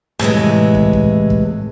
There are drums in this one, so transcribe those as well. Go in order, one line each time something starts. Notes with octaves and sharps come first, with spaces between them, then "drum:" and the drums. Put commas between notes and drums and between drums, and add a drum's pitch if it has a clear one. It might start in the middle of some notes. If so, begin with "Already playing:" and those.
A2 C3 E3 G#3, drum: rim click
drum: kick
drum: kick
drum: kick